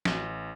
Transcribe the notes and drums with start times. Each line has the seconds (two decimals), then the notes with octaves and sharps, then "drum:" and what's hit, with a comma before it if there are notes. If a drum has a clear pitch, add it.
0.05 A1, drum: snare